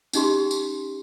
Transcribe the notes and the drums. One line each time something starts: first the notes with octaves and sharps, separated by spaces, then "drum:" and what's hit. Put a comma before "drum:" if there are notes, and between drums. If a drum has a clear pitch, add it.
C#4 D#4 G4 C6, drum: tambourine
drum: tambourine